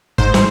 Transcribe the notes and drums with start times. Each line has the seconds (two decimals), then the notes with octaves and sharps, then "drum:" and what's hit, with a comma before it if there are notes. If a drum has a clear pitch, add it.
0.18 G#2 C5, drum: kick
0.34 drum: snare